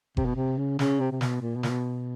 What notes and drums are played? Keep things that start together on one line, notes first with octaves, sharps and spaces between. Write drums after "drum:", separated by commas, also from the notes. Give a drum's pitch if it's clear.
C3, drum: kick F#1
B2
C3
C#3
C#3, drum: snare
C3
C3
B2, drum: snare
A#2
B2
A#2, drum: snare
B2